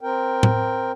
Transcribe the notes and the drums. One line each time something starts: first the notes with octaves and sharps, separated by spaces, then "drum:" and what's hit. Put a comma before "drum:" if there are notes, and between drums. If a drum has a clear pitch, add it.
C4 A#4 G5
drum: tom A2